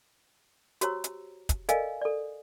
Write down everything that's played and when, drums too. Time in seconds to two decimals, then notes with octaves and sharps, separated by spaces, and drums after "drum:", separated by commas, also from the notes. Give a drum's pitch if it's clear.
0.81 F#4 G4 C5 C#5 A#5 E6, drum: hi-hat
1.04 drum: hi-hat
1.49 drum: kick, hi-hat
1.69 A4 A#4 D5 D#5 F5 G#5, drum: hi-hat
2.01 A4 D5